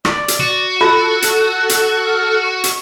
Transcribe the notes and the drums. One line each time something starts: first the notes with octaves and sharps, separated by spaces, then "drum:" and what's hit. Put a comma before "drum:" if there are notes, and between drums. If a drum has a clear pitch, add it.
D5, drum: rim click
drum: hi-hat
F#4
F4 A4 F#6
drum: hi-hat
drum: hi-hat
F6
C#6
drum: hi-hat